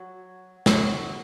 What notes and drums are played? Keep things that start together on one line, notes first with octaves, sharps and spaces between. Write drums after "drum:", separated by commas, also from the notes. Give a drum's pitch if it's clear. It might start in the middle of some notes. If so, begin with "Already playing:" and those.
Already playing: F#3
F#3, drum: snare